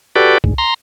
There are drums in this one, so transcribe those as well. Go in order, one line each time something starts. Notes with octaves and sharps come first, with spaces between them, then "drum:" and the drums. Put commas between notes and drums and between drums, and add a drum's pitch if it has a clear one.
F#4 G4 A4 B4 D5
D2 G#2, drum: kick C2
A#5 C6